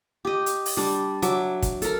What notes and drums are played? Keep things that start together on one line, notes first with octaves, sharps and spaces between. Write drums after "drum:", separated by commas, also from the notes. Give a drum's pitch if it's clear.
G4 D#5
drum: hi-hat
drum: open hi-hat
G3 D4
F#3 E5 D6, drum: hi-hat
drum: kick, hi-hat
A4 A#4, drum: hi-hat